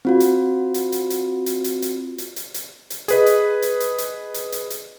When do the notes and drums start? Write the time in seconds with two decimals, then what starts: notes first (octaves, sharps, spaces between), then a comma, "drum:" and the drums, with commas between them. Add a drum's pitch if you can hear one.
0.05 C4 F4 F#4
0.20 drum: hi-hat
0.74 drum: hi-hat
0.92 drum: hi-hat
1.10 drum: hi-hat
1.46 drum: hi-hat
1.64 drum: hi-hat
1.82 drum: hi-hat
2.18 drum: hi-hat
2.36 drum: hi-hat
2.54 drum: hi-hat
2.90 drum: hi-hat
3.08 G#4 B4 D#5, drum: hi-hat
3.26 drum: hi-hat
3.62 drum: hi-hat
3.80 drum: hi-hat
3.98 drum: hi-hat
4.34 drum: hi-hat
4.52 drum: hi-hat
4.70 drum: hi-hat